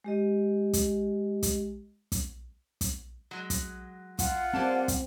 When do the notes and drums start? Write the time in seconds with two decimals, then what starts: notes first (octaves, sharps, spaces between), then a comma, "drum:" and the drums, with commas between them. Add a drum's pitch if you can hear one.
0.04 G#3 G4 D#5
0.73 drum: kick, hi-hat
1.43 drum: kick, hi-hat
2.12 drum: kick, hi-hat
2.81 drum: kick, hi-hat
3.31 F#3 G#3
3.50 drum: kick, hi-hat
4.19 F4 F#5, drum: kick, hi-hat
4.54 G3 A#3 C4 A5
4.88 drum: kick, hi-hat